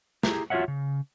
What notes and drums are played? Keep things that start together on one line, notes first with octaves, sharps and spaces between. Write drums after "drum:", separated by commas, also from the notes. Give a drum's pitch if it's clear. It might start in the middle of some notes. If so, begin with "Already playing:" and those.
E4 G4 G#4 A#5, drum: snare
F4 F#4 C5 C#5 E5 F#5
C#3